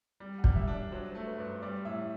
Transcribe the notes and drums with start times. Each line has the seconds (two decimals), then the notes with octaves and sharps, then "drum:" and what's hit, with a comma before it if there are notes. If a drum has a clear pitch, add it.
0.20 G3
0.38 F#5
0.44 G3, drum: kick
0.55 E5
0.68 D4
0.73 D5
0.91 F#3 C5
1.09 C5
1.15 A3
1.27 B4
1.38 G2
1.45 C5
1.62 G3 D5
1.85 A2 E5